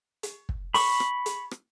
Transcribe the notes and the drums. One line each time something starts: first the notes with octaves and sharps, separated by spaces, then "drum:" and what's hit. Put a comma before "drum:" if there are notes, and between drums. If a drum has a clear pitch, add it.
drum: hi-hat
drum: kick
B5 C#6, drum: open hi-hat
drum: rim click
drum: hi-hat
drum: rim click